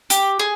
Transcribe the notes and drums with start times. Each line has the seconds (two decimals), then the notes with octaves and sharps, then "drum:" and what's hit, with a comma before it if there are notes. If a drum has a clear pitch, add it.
0.10 G4, drum: hi-hat
0.39 G#4